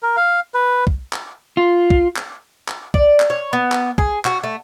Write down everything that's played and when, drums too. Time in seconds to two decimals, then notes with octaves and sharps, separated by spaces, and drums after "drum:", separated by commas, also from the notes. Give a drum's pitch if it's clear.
0.03 A#4
0.17 F5
0.54 B4
0.87 drum: kick
1.13 drum: clap
1.57 F4
1.90 drum: kick
2.16 drum: clap
2.68 drum: clap
2.94 D5, drum: kick
3.20 drum: clap
3.30 C#5
3.53 B3
3.72 drum: clap
3.98 G#4, drum: kick
4.25 F#4, drum: clap
4.44 A3